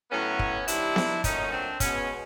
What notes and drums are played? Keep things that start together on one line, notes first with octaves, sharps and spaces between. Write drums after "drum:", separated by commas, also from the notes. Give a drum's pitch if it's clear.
A2 F#3 A3 B3 C#4
drum: kick
C3 D#3 G3 D4 E4, drum: hi-hat
drum: snare B3
A#2 F#3 A3 C#4 D#4, drum: kick, hi-hat
C4 D4
B2 G#3 B3 C#4, drum: kick, hi-hat